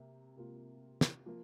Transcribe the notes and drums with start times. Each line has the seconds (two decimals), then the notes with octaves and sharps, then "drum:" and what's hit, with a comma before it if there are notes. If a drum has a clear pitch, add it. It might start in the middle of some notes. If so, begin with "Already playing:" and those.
Already playing: C3 A#3
0.36 C3 A#3 F4
1.01 drum: snare
1.26 F3 A#3